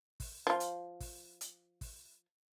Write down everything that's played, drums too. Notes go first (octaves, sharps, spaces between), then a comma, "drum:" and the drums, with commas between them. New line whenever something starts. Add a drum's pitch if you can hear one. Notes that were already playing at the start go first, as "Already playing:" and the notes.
drum: kick, open hi-hat
F3 F4
drum: hi-hat
drum: kick, open hi-hat
drum: hi-hat
drum: kick, open hi-hat